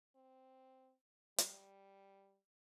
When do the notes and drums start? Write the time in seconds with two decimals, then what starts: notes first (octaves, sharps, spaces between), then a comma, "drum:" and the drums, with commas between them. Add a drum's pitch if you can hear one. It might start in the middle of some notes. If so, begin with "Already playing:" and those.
0.16 C4
1.38 G3, drum: hi-hat